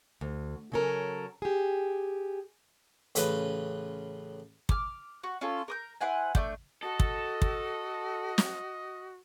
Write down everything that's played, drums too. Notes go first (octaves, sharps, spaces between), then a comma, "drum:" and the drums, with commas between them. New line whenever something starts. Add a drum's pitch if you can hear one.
D2
C#3 F#3 C#4 A4 A#4
G4 G#4
A1 C#3 B4, drum: hi-hat
D6 F6, drum: kick
F#4
C#4 F4 A4
A#4 D#6 G6
E4 C5 F#5 G#5
A3 D4 G6, drum: kick
F#4 A4 D#5
drum: kick
drum: kick
drum: snare